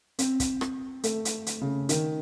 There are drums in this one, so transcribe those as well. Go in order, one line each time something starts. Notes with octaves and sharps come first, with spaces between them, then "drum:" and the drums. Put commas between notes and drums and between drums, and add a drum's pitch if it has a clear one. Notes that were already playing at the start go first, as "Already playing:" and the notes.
C4, drum: hi-hat
drum: kick, hi-hat
drum: rim click
A3, drum: hi-hat
drum: hi-hat
drum: hi-hat
C#3
D#3, drum: hi-hat